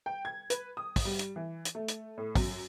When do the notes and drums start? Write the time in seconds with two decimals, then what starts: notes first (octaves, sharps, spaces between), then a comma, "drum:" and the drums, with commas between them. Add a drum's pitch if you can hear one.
0.06 G5
0.25 G#6
0.50 B4, drum: hi-hat
0.77 D#6
0.96 drum: kick, open hi-hat
1.05 G3
1.19 drum: hi-hat
1.36 E3
1.65 drum: hi-hat
1.75 A3
1.88 drum: hi-hat
2.18 A2
2.35 F#2, drum: kick, open hi-hat